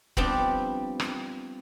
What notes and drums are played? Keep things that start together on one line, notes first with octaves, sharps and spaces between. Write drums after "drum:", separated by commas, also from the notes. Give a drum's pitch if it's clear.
F3 G3 B3 C4 D4 G4, drum: kick
drum: rim click